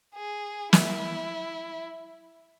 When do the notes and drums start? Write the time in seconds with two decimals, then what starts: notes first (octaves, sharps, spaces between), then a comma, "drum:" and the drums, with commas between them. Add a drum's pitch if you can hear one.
0.15 G#4
0.73 E4, drum: snare